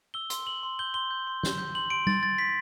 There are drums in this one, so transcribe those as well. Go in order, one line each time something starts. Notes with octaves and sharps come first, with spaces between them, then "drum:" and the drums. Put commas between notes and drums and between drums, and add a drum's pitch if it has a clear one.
E6 G7
C6, drum: hi-hat
C6 F#7
C6
G6 G7
C6 G7
G6
C6
G6, drum: snare
G6
C6 F#7
C6 D7
C6 A6, drum: tom G3
C6 A6
C6 B6